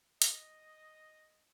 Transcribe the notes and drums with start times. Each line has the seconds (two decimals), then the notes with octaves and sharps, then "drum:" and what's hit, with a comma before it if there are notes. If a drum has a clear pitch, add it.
0.22 D#5, drum: hi-hat